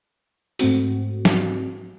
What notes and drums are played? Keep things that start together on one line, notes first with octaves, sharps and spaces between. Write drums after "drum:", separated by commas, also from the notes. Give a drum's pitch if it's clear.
G#2 A3 C4 F#4, drum: open hi-hat
drum: snare